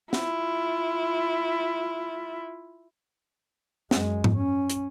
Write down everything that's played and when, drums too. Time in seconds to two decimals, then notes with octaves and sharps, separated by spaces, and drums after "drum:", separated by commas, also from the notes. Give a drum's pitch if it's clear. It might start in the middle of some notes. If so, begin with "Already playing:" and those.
0.13 E4 F4, drum: snare
3.91 F#2 G#3, drum: snare
4.24 drum: tom G#2
4.35 C#4
4.70 drum: hi-hat